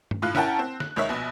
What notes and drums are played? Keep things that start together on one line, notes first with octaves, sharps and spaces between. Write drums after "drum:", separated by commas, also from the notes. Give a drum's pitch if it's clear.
drum: tom G2
A2 F4 F#6
C#4 E4 A#4 F#5 G5 A5, drum: snare
C4
F#6, drum: snare
C#2 D#3 C#5 E5
A#1 B2